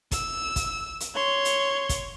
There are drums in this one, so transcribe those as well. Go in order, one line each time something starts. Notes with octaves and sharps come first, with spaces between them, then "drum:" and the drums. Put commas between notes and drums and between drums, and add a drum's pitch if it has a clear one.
E6, drum: kick, hi-hat
drum: kick, hi-hat
drum: hi-hat
C#5 C6
drum: hi-hat
drum: kick, hi-hat